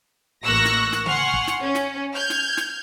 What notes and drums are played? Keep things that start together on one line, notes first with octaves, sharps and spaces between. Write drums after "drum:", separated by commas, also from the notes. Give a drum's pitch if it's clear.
A1 A#3 C#6 E6 F#6 A#6
drum: snare
drum: snare
F#5 G#5 C6 C#6 F6, drum: tom C#3
drum: kick
drum: snare
C#4
drum: snare
F6 G6 G#6
drum: snare
drum: snare